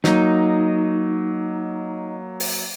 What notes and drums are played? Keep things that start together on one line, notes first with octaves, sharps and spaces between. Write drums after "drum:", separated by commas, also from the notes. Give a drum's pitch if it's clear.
F#3 A#3 D#4, drum: snare
drum: open hi-hat